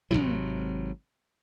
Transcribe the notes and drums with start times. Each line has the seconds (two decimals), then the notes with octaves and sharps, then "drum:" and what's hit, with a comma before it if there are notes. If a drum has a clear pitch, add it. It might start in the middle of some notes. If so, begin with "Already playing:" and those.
0.11 G#1 D#2 C3 F#3, drum: tom